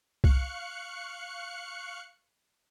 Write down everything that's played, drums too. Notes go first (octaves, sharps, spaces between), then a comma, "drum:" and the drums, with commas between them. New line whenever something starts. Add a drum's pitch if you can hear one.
F5 C#6 F#6 C#7, drum: kick C2